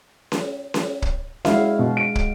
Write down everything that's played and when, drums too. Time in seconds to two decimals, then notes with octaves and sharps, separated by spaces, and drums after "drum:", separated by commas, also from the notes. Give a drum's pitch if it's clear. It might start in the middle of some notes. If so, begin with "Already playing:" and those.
0.32 drum: snare C#4
0.74 drum: snare C#4
1.02 drum: kick
1.45 G#3 E4 F#4 F5, drum: snare C#4
1.79 B2
1.97 D7
2.15 drum: kick